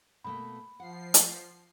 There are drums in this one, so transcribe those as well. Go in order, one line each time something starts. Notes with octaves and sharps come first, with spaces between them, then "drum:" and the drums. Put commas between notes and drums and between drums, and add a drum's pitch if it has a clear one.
B2 A3 A#3 B5
F3 F#5 C7
drum: hi-hat